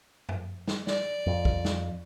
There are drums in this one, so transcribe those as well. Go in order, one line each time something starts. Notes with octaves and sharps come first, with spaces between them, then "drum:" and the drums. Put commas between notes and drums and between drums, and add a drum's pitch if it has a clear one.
drum: tom F#2
drum: snare
D5, drum: snare
F2
drum: kick
drum: snare